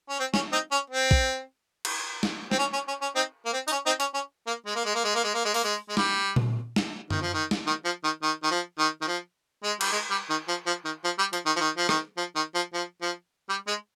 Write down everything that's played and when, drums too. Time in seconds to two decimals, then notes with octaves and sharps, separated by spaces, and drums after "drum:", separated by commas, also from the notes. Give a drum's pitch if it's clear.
0.09 C#4
0.20 C4
0.34 C#4, drum: snare
0.52 C4 D#4
0.71 C#4
0.90 C4
1.11 drum: kick A#1
1.85 drum: cymbal
2.23 drum: snare
2.51 C4, drum: snare
2.59 C#4
2.73 C#4
2.88 C#4
3.02 C#4
3.16 C4 D#4
3.46 A#3
3.53 C4
3.68 D#4, drum: tambourine
3.72 C#4
3.86 C4 D#4
4.00 C#4, drum: hi-hat
4.14 C#4
4.47 A#3
4.66 G#3
4.76 A#3
4.85 G#3
4.95 A#3
5.04 G#3
5.15 A#3
5.24 G#3
5.35 A#3
5.45 G#3
5.54 A#3, drum: open hi-hat
5.64 G#3
5.89 G#3
5.97 G3, drum: snare
6.36 drum: tom A#2
6.76 drum: snare
7.11 D#3, drum: tom
7.22 F3
7.34 D#3
7.51 drum: snare
7.67 D#3
7.85 F3
8.04 D#3
8.23 D#3
8.43 D#3
8.51 F3
8.78 D#3
9.02 D#3
9.08 F3
9.64 G#3
9.81 G3, drum: cymbal
9.92 G#3
10.11 G3
10.30 D#3
10.48 F3
10.66 F3
10.85 D#3
11.05 F3
11.19 G3
11.33 F3, drum: hi-hat
11.46 D#3
11.56 F3
11.60 D#3
11.77 F3
11.89 D#3, drum: rim click
12.18 F3
12.36 D#3
12.55 F3
12.74 F3
13.02 F3
13.49 G3
13.67 G#3